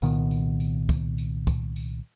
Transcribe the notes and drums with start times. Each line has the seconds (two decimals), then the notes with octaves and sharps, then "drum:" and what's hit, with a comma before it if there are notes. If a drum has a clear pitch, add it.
0.02 C2 A#2 D#3 B3, drum: tambourine
0.31 drum: tambourine
0.60 drum: tambourine
0.89 drum: kick, tambourine
1.18 drum: tambourine
1.47 drum: kick, tambourine
1.76 drum: tambourine